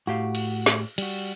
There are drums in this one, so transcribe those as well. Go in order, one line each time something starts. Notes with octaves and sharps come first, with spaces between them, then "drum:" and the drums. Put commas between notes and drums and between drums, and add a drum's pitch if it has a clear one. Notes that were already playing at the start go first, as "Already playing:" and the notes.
A2 F#4 G4 F5
drum: cymbal
drum: snare
G3 F#4, drum: cymbal